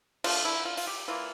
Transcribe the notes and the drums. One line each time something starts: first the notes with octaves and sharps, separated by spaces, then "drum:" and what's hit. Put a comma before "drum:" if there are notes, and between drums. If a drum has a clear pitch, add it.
D3 F3 A3 F4, drum: cymbal
E4
F4
F4, drum: open hi-hat
G4
E3 A#3 F4